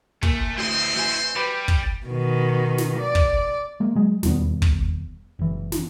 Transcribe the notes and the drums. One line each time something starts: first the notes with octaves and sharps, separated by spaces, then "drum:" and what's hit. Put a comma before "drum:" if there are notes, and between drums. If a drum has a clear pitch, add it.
A#2 A3, drum: kick
A1 D2 C4 E4 C5 D#5 C6
A1 G#5
G3 B4 D6 E7
drum: kick
B2 D#3
drum: snare
D5
drum: kick
G#3 A#3
F#3 G#3
E1 D#2 G3 B3, drum: snare
drum: kick
F#1 E3
drum: snare